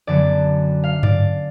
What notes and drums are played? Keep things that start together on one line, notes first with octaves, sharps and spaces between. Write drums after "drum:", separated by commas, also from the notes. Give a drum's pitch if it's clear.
F#2 D3 F#3 B3 D4 D5
F5
D5, drum: tom G2